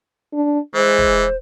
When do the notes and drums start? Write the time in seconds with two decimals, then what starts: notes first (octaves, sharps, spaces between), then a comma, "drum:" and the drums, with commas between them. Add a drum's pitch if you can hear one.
0.33 D4
0.75 E3 G#3 C5
0.98 drum: kick